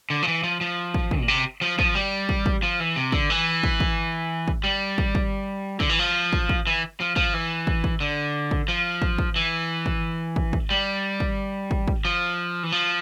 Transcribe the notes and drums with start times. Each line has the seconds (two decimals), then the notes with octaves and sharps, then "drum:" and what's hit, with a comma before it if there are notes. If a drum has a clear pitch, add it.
0.10 D3
0.23 F3
0.28 E3
0.44 F3
0.61 F3
0.94 drum: kick
1.11 drum: kick
1.20 A#2
1.28 C3
1.61 F3
1.79 F3, drum: kick
1.95 G3
2.29 drum: kick
2.46 drum: kick
2.63 F3
2.80 E3
2.96 C3
3.12 D3, drum: kick
3.30 E3
3.63 drum: kick
3.80 drum: kick
4.48 drum: kick
4.64 G3
4.98 drum: kick
5.15 drum: kick
5.80 D3, drum: kick
5.89 E3
5.99 F3
6.33 drum: kick
6.49 drum: kick
6.67 E3
7.00 F3
7.16 F3, drum: kick
7.34 E3
7.67 drum: kick
7.84 drum: kick
8.00 D3
8.51 drum: kick
8.68 F3
9.02 drum: kick
9.18 drum: kick
9.36 E3
9.86 drum: kick
10.36 drum: kick
10.53 drum: kick
10.70 G3
11.20 drum: kick
11.71 drum: kick
11.88 drum: kick
12.05 F3
12.63 E3
12.72 F3